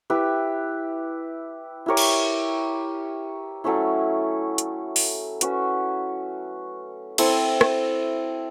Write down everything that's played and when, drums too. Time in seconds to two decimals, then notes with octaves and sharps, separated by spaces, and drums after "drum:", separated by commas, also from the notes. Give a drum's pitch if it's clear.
0.10 E4 G4 B4
1.86 E4 G4 A#4 C#5
1.97 drum: cymbal
3.64 F#3 A3 C#4 E4
4.58 drum: hi-hat
4.96 drum: open hi-hat
5.41 C#4 F#4 B4, drum: hi-hat
7.18 C4 E4 A4, drum: cymbal
7.61 drum: rim click